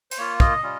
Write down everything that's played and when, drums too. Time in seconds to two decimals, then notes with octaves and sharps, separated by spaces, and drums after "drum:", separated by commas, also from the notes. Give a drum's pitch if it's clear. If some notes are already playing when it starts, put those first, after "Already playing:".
0.11 C5, drum: cymbal
0.17 A#3 F4 C#5
0.40 D#5, drum: kick
0.63 G3 C#4 F4